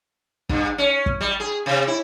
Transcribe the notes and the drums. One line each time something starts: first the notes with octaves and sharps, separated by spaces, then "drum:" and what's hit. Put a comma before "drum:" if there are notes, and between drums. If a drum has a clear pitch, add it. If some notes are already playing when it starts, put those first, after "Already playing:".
G2, drum: kick
C#4
drum: kick
G3
G#4
C3
E4